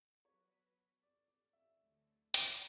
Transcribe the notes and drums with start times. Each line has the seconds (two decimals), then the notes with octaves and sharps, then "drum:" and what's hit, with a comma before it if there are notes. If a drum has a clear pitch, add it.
0.25 F#3 B3 F#4 B4 C#5
1.03 D5
1.28 D5
1.53 E5
1.78 D2 D3 F#3 A3
2.34 drum: hi-hat